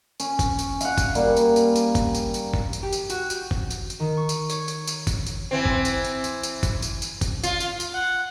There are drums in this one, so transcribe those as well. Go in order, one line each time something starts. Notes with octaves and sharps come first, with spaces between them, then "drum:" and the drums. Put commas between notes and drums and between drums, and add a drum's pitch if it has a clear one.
C#4, drum: tambourine
drum: kick, tambourine
drum: tambourine
F5 F#5, drum: tambourine
drum: kick, tambourine
G3 A#3, drum: tambourine
drum: tambourine
drum: tambourine
drum: tambourine
drum: kick, tambourine
drum: tambourine
drum: tambourine
drum: kick
drum: tambourine
G4
drum: tambourine
F#4, drum: tambourine
G6, drum: tambourine
drum: kick
drum: tambourine
drum: tambourine
D#3
C#6
drum: tambourine
C#5, drum: tambourine
drum: tambourine
drum: tambourine
drum: kick, tambourine
drum: tambourine
E3 C4
drum: kick
drum: tambourine
drum: tambourine
drum: tambourine
drum: tambourine
drum: kick, tambourine
drum: tambourine
drum: tambourine
drum: kick, tambourine
F4, drum: tambourine
drum: tambourine
drum: tambourine
F#5